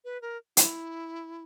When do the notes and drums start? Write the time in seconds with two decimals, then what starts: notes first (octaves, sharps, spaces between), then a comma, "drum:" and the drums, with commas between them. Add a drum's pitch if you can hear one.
0.05 B4
0.22 A#4
0.57 E4, drum: hi-hat